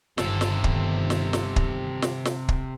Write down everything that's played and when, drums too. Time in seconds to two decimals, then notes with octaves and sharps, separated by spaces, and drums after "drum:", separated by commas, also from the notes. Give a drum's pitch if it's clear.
0.18 G1 C3 D#3 A4, drum: snare
0.41 drum: snare
0.64 drum: kick
1.10 drum: snare
1.33 drum: snare
1.56 drum: kick
2.02 drum: snare
2.25 drum: snare
2.49 drum: kick